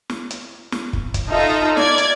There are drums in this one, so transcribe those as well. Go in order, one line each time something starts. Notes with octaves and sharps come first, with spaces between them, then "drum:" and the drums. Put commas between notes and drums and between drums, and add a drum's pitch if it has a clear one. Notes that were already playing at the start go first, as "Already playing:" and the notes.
drum: snare
drum: hi-hat
drum: snare
drum: kick
drum: kick, hi-hat
D#4 F4 A4 D#5 E5 A#5
D5 G#6, drum: snare
drum: hi-hat